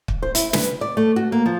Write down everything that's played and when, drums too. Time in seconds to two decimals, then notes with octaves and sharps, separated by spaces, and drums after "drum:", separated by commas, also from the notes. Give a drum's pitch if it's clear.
0.08 drum: kick
0.23 C5
0.35 E4, drum: hi-hat
0.53 B4, drum: snare
0.81 D5
0.97 A3
1.16 F#4
1.32 A#3
1.46 F3